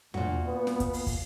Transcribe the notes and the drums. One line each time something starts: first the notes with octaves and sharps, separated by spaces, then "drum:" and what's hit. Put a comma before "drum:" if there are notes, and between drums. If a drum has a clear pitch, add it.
D2 A#2 F#4, drum: tom E2
B3
drum: snare
drum: kick, hi-hat
drum: open hi-hat
drum: kick, open hi-hat